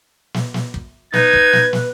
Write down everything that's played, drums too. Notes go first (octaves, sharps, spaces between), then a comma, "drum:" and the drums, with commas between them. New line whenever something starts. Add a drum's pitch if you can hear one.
drum: snare
drum: snare
drum: kick
D#4 B4 G#6, drum: snare
drum: kick
drum: snare
drum: snare